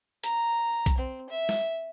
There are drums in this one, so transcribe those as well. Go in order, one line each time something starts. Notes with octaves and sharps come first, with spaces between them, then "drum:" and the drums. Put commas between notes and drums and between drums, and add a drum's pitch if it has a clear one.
A#5, drum: hi-hat
drum: kick B1, hi-hat
C4
E5
drum: snare